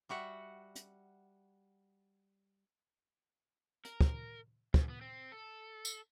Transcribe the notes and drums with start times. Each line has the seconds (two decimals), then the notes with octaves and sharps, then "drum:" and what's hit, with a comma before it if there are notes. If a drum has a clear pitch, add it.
0.09 G3 F#4 E5 F#5
0.76 drum: hi-hat
3.85 A#4, drum: hi-hat
4.01 drum: kick
4.74 F#2, drum: kick
4.89 B3
5.01 C4
5.32 A4
5.85 drum: tambourine